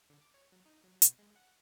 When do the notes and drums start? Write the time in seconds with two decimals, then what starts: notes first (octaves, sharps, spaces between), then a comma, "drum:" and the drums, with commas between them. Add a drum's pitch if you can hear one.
0.10 D3
0.22 D6
0.34 C#5
0.52 F#3
0.66 D#4
0.84 F#3
1.02 B2, drum: hi-hat
1.19 G#3
1.36 F#5